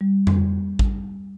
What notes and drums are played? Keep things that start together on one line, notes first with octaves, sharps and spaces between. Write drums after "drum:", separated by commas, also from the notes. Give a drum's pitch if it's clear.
G3
drum: tom F2
drum: kick A1